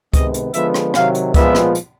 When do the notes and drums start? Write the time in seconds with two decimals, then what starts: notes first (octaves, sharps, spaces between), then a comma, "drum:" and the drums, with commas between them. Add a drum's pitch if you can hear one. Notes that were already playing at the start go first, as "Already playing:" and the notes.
0.14 C3 D#3 G#3 B3 D#5, drum: kick C#2, hi-hat
0.34 drum: hi-hat
0.54 D3 F3 G#3 B3 E5, drum: hi-hat
0.74 drum: rim click
0.94 C3 D#3 F#3 F5, drum: rim click
1.15 drum: hi-hat
1.34 A#2 F3 G#3 B3 E5, drum: kick C#2, hi-hat
1.55 drum: rim click
1.75 drum: hi-hat